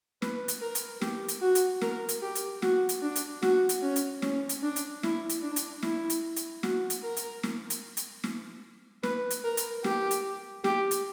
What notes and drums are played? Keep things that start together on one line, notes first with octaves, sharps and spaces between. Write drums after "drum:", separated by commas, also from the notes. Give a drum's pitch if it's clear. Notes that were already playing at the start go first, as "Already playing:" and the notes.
B4, drum: snare
drum: hi-hat
A#4
drum: hi-hat
G4, drum: snare
drum: hi-hat
F#4
drum: hi-hat
A#4, drum: snare
drum: hi-hat
G4
drum: hi-hat
F#4, drum: snare
drum: hi-hat
D4
drum: hi-hat
F#4, drum: snare
drum: hi-hat
C#4
drum: hi-hat
C#4, drum: snare
drum: hi-hat
D4
drum: hi-hat
E4, drum: snare
drum: hi-hat
D4
drum: hi-hat
E4, drum: snare
drum: hi-hat
drum: hi-hat
F#4, drum: snare
drum: hi-hat
A#4
drum: hi-hat
drum: snare
drum: hi-hat
drum: hi-hat
drum: snare
B4, drum: snare
drum: hi-hat
A#4
drum: hi-hat
G4, drum: snare
drum: hi-hat
G4, drum: snare
drum: hi-hat